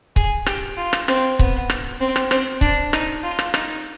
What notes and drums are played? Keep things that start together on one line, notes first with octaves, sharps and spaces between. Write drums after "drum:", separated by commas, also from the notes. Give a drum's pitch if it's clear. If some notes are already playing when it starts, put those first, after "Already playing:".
G#4, drum: kick C#1
G4, drum: rim click
F4
drum: rim click
C4, drum: rim click
B3, drum: kick C#1
drum: rim click
C4
drum: rim click
C4, drum: rim click
D4, drum: kick C#1
D#4, drum: rim click
F4
drum: rim click
D#4, drum: rim click